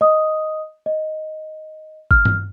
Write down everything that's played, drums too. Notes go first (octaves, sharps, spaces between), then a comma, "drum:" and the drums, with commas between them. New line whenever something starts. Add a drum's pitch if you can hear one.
D#5 D#6
D#5
F6, drum: kick
drum: tom G2